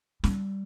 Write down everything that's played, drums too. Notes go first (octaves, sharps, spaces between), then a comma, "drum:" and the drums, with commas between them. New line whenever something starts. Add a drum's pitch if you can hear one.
G3, drum: snare